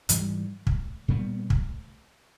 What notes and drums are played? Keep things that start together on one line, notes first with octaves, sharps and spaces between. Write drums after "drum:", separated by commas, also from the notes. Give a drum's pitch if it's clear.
G#2 E3 G3, drum: hi-hat
drum: kick
A#2 G3 B3
drum: kick